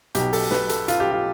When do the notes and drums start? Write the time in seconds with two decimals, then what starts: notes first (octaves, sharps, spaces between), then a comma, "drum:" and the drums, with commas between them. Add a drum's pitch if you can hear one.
0.15 B1 B2 G4, drum: hi-hat
0.33 A4, drum: open hi-hat
0.51 B4, drum: snare
0.69 A4, drum: hi-hat
0.88 F4, drum: hi-hat
1.00 G4
1.11 F4